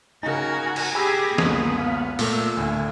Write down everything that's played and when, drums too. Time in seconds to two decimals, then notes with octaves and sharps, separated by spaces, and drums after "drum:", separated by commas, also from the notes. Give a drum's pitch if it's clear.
0.23 C#3 D#4 F#4 A#4 G#5
0.76 drum: cymbal
0.95 G4 G#4 G#5 B5 E6 A#6
1.38 C#2 F#2 D3 A#3 B3 D#6, drum: snare
1.78 F5
2.19 A#2 A3 A#4 E6, drum: open hi-hat
2.57 D2 A2 D3 G#5